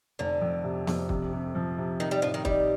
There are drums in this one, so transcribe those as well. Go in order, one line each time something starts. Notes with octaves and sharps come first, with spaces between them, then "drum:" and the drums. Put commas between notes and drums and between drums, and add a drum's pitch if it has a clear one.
F1 D3
F2
C3
F2, drum: snare B3
C3, drum: kick
C3
F3
C3
D#3 D#4
G3
A2 F3
D#3
G3 D#4, drum: kick